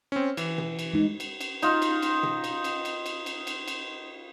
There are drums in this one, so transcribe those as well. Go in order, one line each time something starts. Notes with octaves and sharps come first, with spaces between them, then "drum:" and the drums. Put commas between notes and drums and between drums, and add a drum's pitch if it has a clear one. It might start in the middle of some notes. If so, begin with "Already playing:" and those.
C4 C#4
E3, drum: cymbal
drum: tom
drum: cymbal
G#3 D#4
drum: cymbal
drum: cymbal
D#4 F4, drum: cymbal
drum: cymbal
drum: cymbal
drum: tom
drum: cymbal
drum: cymbal
drum: cymbal
drum: cymbal
drum: cymbal
drum: cymbal
drum: cymbal